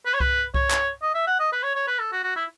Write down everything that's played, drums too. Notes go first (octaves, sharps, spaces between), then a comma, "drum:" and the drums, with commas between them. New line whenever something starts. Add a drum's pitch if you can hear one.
B4
C#5
B4, drum: kick C2
C#5, drum: kick C2
drum: clap
D#5
E5
F#5
D#5
B4
C#5
C#5
B4
A4
F#4
F#4
E4